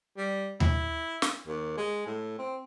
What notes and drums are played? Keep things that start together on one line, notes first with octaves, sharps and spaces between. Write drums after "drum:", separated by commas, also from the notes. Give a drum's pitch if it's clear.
G3
E4, drum: tom D#2
drum: snare
D#2
G#3
A2
C4